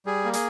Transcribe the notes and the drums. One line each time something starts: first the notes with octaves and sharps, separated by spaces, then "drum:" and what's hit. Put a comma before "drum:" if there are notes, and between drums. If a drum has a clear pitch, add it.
G3 G#4
A#3
G#4, drum: hi-hat